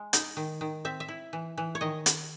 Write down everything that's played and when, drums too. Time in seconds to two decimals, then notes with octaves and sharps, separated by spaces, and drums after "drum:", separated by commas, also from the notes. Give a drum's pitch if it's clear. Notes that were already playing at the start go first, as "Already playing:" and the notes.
Already playing: G#3
0.13 D#4, drum: hi-hat
0.37 D#3
0.61 D#3
0.85 C4 E5
1.00 E5
1.08 E4
1.33 E3
1.58 E3
1.75 C#5
1.81 D#3 D#5
2.06 drum: hi-hat